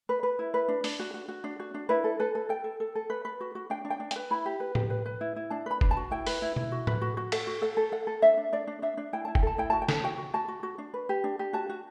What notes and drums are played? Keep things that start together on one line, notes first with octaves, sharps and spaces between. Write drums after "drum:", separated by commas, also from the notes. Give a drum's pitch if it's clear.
B4
B4
E4
B4
D4
D4, drum: open hi-hat
F#4
F#4
F#4
D4
F#4
D4
E4 B4
A4
A4 B4
A4
A4 G5
A4
A4
A4
B4
B4
F#4
F#4
D4 G5
D4
G5
D4
G5, drum: hi-hat
B4
E4 B5
G4
B4
G4, drum: tom A2
B4
B4
E4
E4
D4 A5
B4 B5
D4, drum: kick F1
A5
F#4
E4 G5
B4, drum: open hi-hat
E4
E4, drum: tom B2
F#4
B4, drum: tom A2
F#4
F#4
A4 F#5, drum: cymbal
F#4
A4 F#5
A4
A4 F#5
A4
D4 E5
D4
D4 D5
D4
D4 E5
D4
E4 G5
E4 A5
G5, drum: kick F1
A4 A5
E4 G5
F#4 A5
G5
A4 A5, drum: snare
F#4 G5
F#4
F#4 A5
F#4
F#4
D4
B4
G4
D4
G4
F#4 A5
F#4